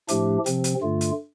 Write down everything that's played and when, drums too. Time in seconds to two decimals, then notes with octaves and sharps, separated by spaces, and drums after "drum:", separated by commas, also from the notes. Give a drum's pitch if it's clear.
0.08 A2 F3 A3 D4 G4, drum: hi-hat
0.46 C3 F3 C4, drum: hi-hat
0.64 drum: hi-hat
0.82 G2 D3 A3 F4
1.01 drum: hi-hat